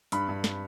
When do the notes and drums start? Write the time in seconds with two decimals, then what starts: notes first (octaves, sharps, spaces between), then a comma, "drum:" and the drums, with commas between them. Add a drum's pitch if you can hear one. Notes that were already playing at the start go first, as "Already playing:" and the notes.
0.12 G2 B5, drum: hi-hat
0.29 G2
0.44 drum: snare